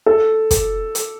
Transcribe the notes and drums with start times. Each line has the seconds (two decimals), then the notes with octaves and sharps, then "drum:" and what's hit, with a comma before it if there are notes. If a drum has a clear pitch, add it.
0.06 A4
0.51 drum: kick, hi-hat
0.95 drum: hi-hat